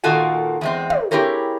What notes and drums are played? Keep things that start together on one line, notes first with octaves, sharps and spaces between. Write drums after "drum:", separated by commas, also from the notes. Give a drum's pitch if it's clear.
A#2 D#3 F4 F#4 A4 G#5
E2 G#3 C4
drum: tom
C4 E4 G4 G#4 A#4 C#5